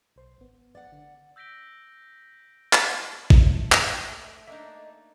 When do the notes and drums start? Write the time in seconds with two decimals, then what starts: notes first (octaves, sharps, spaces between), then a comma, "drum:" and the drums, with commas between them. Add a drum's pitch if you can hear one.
0.16 B1 C5 C6
0.38 G#1 B3
0.75 D5 F#5
0.92 D3
1.36 E6 G6 A#6 B6 D7 G7
2.73 D6, drum: clap
3.30 A3, drum: kick
3.72 drum: clap
4.47 A#3 D4 D#4 D#5 E5